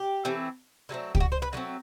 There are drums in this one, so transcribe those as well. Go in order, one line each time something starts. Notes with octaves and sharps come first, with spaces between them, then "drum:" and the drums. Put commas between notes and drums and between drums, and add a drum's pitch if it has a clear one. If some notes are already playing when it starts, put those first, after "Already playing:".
Already playing: G4
E3 A3 C4
D3 F#3 A3 C4
G4, drum: kick C#2
F#4
C5
B4
D3 F#3 A3 C4